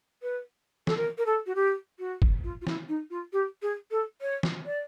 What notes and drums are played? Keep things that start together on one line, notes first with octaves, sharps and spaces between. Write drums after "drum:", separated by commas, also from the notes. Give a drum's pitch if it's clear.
B4
A4, drum: snare
A#4
A#4
A4
F#4
G4
F#4
drum: kick
F4
F4
E4, drum: snare
D#4
F4
G4
G#4
A4
C#5
drum: snare
D5